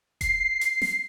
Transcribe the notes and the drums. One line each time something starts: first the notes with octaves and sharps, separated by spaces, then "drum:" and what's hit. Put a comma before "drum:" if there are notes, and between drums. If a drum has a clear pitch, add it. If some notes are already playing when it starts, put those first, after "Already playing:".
C7, drum: kick F1, hi-hat
drum: hi-hat
drum: snare